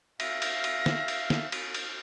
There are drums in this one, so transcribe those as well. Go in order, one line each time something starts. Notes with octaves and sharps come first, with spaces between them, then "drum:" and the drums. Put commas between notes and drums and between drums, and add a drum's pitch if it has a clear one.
E5 F5 A#6, drum: cymbal
drum: cymbal
drum: cymbal
drum: snare
drum: cymbal
drum: snare
drum: cymbal
drum: cymbal